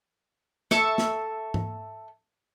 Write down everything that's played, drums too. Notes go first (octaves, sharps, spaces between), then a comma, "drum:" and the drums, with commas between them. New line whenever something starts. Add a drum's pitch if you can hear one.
A4 E5 C#6, drum: snare
drum: snare
drum: tom G#2